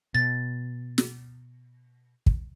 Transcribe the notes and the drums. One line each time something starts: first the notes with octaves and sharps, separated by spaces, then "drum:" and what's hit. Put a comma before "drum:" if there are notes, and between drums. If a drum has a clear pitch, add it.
B2 A6
drum: snare
drum: kick